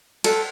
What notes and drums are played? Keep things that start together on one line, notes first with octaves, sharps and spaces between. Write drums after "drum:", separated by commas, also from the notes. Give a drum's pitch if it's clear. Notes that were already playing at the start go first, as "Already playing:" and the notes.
A4, drum: cymbal